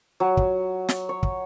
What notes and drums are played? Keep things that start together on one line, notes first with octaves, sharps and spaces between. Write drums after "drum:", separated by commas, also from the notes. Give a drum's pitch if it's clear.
F#3
drum: kick
drum: snare
C#5
drum: kick